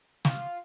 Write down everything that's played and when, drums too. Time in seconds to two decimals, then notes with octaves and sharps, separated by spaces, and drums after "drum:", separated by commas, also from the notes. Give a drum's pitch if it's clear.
0.25 F4, drum: snare